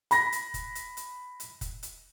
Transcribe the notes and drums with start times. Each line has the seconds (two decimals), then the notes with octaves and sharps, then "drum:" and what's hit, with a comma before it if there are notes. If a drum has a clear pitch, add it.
0.11 B5 A#6, drum: hi-hat
0.32 drum: hi-hat
0.54 drum: kick, hi-hat
0.75 drum: hi-hat
0.97 drum: hi-hat
1.40 drum: hi-hat
1.61 drum: kick, hi-hat
1.83 drum: hi-hat